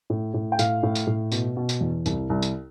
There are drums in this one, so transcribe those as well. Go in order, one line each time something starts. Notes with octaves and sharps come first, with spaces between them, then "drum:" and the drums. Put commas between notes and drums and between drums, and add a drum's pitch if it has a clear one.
A2
A2
G5
A2 F5, drum: tambourine
A2
drum: tambourine
A2
B2, drum: tambourine
B2
drum: tambourine
E2
C2, drum: tambourine
C2
drum: tambourine